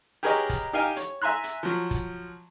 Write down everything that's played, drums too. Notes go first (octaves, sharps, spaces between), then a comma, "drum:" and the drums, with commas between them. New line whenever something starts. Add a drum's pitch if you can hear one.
G4 G#4 A#4 B4 C#5 D#5
drum: kick, hi-hat
D#4 G4 A#4 F5 G5 G#5
C#5, drum: hi-hat
E5 G#5 A#5 C6 F#6
drum: hi-hat
F3 F#3
drum: kick, hi-hat